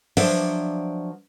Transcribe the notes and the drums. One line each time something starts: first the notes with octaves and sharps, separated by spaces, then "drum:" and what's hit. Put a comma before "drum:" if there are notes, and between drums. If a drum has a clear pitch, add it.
F3 F#3 D4 B4 D5 E5, drum: open hi-hat